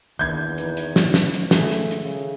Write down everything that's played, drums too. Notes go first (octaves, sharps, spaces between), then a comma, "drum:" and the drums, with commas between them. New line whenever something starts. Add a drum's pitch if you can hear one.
E2 D#3 A#3 D4 G6 G#6
E3 D#4 B4, drum: hi-hat
drum: hi-hat
drum: snare
F3, drum: snare
drum: hi-hat
D#3 A3 G#4 E5, drum: snare
drum: hi-hat
drum: hi-hat
C#3